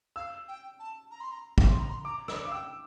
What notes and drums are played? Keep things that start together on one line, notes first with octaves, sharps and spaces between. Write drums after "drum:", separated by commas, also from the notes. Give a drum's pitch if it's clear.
F5 E6
G5
A5
A#5
C6
A#5
drum: kick
C6
A#5
C6
A#5 D6
D5 E6, drum: rim click
F5 D6
G5 E6